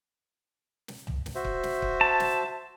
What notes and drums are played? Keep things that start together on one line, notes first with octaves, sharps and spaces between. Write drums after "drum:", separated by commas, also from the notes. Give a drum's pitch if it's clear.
drum: snare
drum: tom
drum: snare
F#4 C5 E5
drum: kick
drum: snare
drum: kick
A5
drum: snare